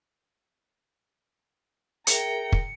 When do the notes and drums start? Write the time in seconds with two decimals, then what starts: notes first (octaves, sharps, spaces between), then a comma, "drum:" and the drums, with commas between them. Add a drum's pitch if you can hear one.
2.07 G#4 A#4 E5 G5 A#5 C#7, drum: hi-hat
2.52 drum: kick